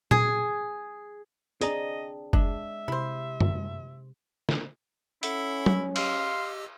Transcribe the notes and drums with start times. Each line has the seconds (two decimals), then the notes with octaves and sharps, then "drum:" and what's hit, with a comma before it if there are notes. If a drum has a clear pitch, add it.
0.11 G#4, drum: tom A#2
1.61 C4 D4 G#4 D5 D#5 A#5, drum: hi-hat
2.33 G#3 D4 E5, drum: kick F#1
2.88 C3 E4 C5
3.40 drum: tom
4.49 drum: snare
5.23 C#4 E4 A4 E5 F#5, drum: hi-hat
5.66 drum: tom F#3
5.96 G4 D#5 F5 C6 E6, drum: cymbal